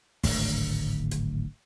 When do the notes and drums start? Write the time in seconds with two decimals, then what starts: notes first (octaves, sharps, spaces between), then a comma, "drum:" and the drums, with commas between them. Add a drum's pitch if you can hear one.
0.23 D1 G#1 D2, drum: open hi-hat
1.11 drum: hi-hat